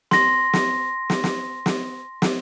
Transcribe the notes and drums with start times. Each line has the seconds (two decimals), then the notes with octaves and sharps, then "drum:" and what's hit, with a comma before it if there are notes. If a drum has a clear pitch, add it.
0.11 C6 A#6, drum: snare
0.53 drum: snare
1.10 drum: snare
1.24 drum: snare
1.66 drum: snare
2.22 drum: snare